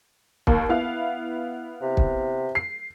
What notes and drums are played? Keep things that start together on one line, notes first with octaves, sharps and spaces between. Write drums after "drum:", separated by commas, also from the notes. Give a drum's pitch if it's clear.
D#2 A#3, drum: kick
B3 E4 F5
C3
drum: kick
C7